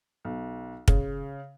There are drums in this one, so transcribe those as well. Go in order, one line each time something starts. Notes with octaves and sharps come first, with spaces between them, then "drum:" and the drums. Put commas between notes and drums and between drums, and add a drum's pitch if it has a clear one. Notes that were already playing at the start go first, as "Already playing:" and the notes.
B1
C#3, drum: kick